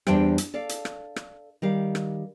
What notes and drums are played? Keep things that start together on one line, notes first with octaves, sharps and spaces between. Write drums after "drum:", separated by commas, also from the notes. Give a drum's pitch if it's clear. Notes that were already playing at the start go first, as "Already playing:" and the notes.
E2 G3 D4 C5 E5 G5, drum: rim click
drum: hi-hat
A4 D5 F5
drum: hi-hat
drum: rim click
drum: rim click
D#3 G3 F5
drum: rim click